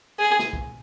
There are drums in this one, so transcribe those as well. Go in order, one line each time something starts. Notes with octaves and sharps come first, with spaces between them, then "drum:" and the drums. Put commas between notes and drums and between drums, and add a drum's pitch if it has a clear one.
G#4
drum: snare
drum: kick